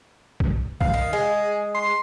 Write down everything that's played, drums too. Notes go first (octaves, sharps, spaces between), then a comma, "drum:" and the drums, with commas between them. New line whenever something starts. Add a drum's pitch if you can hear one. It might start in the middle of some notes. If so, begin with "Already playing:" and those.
drum: kick
F5, drum: kick
D#3
G#3 G#4
C6